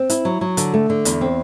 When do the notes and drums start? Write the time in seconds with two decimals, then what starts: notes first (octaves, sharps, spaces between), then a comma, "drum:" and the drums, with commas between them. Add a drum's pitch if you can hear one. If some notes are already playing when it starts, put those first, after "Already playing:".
Already playing: C4
0.10 E4, drum: hi-hat
0.25 F#3
0.41 F#3
0.57 D3, drum: hi-hat
0.74 A3
0.90 D3
1.05 E2, drum: hi-hat
1.21 C4